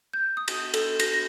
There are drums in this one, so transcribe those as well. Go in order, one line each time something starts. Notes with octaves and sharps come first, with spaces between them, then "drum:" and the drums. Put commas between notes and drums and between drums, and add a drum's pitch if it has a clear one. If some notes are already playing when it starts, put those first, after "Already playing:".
G6
D#6
drum: cymbal
A4, drum: cymbal
A#6, drum: cymbal
A#6